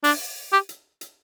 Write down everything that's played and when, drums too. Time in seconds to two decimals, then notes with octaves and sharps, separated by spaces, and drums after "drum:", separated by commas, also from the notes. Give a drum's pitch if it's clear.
0.04 D4, drum: open hi-hat
0.53 G4
0.69 drum: hi-hat
1.01 drum: hi-hat